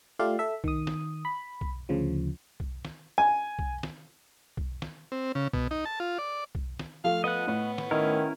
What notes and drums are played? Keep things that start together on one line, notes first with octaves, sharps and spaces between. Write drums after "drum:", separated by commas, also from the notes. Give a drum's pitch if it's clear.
A3 F4 G4 D5 F5
A4 E5
D#3 D#6, drum: kick B1
drum: snare
B5
drum: kick B1
D2 C#3 F3
drum: kick B1
drum: snare
G#5
drum: kick B1
drum: snare
drum: kick B1
drum: snare
C4
C#3
B2, drum: kick B1
D#4
A5
F4
D5
drum: kick B1
drum: snare
F3 A3 F4 F5
B3 D#5 F#5
A2 B3
drum: snare
D#3 C#4 E4 A#4